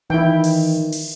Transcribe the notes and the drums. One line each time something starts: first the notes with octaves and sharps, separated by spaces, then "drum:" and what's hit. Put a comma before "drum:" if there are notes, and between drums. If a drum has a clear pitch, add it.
D#3 E3 E4 G5
drum: open hi-hat
drum: open hi-hat